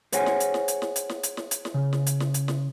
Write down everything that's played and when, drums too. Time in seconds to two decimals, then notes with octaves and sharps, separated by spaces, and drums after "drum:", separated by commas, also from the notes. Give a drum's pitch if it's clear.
0.12 G#4 C5 C#5 F#5 G#5, drum: hi-hat
0.26 drum: snare
0.40 drum: hi-hat
0.54 drum: snare
0.68 drum: hi-hat
0.82 drum: snare
0.96 drum: hi-hat
1.09 drum: snare
1.23 drum: hi-hat
1.37 drum: snare
1.51 drum: hi-hat
1.65 drum: snare
1.74 C#3
1.93 drum: snare
2.06 drum: hi-hat
2.20 drum: snare
2.34 drum: hi-hat
2.48 drum: snare